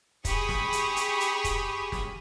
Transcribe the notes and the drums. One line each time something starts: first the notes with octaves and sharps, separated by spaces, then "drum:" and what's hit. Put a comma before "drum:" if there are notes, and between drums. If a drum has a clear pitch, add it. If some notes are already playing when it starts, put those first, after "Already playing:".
G4 G#4 B5 C#6 D#6, drum: kick, hi-hat
drum: snare
drum: hi-hat
drum: hi-hat
drum: hi-hat
drum: kick, hi-hat
drum: snare